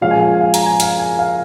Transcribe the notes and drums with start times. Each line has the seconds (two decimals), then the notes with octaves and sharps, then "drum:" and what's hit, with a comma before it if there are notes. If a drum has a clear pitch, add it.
0.01 A#2 F3 G#3 C#4 F5
0.11 G#5
0.20 F5
0.41 F5
0.54 A#5, drum: hi-hat
0.66 G#5
0.80 F5, drum: hi-hat
0.99 G#5
1.19 F5